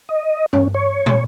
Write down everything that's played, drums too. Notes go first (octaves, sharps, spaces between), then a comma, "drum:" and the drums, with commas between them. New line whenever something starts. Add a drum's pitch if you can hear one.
D#5
C#4, drum: tom G2
C#5
drum: tom